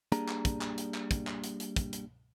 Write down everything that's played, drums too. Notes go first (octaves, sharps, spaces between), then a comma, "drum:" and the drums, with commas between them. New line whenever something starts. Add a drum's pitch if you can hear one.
G3 A#3 D4 G#4 A#5, drum: hi-hat
drum: clap
drum: kick, hi-hat
drum: clap
drum: hi-hat
drum: clap
drum: kick, hi-hat
drum: clap
drum: hi-hat
drum: hi-hat
drum: kick, hi-hat
drum: hi-hat